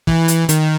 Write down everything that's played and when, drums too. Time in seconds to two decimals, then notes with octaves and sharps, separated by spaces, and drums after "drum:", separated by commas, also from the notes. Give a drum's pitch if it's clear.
0.07 E3, drum: kick
0.28 drum: hi-hat
0.49 D#3, drum: hi-hat